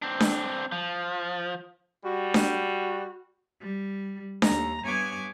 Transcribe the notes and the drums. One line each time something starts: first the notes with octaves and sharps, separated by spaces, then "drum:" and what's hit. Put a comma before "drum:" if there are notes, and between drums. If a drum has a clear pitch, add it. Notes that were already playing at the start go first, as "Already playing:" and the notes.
C4 D4
drum: snare D4
F3
G3 F#4
drum: snare D4
G3
D#2 A#5, drum: snare D4
G2 B3 C#5 G#5 D6 G#6